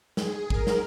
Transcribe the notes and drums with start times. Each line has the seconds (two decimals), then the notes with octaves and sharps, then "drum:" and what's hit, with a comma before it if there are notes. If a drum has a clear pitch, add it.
0.17 G#4, drum: snare
0.50 A#4, drum: kick G#1
0.67 drum: snare